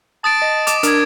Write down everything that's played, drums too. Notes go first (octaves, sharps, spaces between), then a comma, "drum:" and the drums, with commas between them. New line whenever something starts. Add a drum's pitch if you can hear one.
A5 D#6 A6 D7
D#5
D6 E7, drum: hi-hat
D4 A#4 D6 D#6 G#6, drum: hi-hat